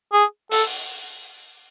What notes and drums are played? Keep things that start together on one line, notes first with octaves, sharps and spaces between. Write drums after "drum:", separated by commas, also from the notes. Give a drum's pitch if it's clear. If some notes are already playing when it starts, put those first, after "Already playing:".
G#4
A4, drum: open hi-hat